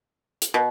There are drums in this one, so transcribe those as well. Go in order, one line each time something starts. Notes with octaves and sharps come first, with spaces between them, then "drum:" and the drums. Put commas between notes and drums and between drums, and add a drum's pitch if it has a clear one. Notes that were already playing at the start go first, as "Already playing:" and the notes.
drum: hi-hat
B2